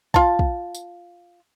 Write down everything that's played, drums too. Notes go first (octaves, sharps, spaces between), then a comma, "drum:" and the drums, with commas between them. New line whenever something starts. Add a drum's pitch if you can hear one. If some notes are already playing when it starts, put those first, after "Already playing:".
F4 A5, drum: kick
drum: kick
drum: tambourine